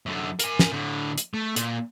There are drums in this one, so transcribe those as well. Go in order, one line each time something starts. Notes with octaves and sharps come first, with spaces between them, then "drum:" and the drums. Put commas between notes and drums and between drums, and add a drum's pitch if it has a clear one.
F#2 D3
A#4 G#5, drum: hi-hat
drum: snare
A2 D3
drum: hi-hat
A3
A#2, drum: hi-hat